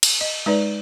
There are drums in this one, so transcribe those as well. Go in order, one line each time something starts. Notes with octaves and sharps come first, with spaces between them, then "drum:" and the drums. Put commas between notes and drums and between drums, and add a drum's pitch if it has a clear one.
drum: cymbal
D#5
G#3 D#4 B4 D5